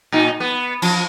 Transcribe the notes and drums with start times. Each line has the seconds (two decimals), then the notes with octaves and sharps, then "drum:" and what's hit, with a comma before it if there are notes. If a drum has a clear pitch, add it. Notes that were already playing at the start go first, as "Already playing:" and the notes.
0.12 A#2 D#4
0.40 B3
0.82 F3, drum: cymbal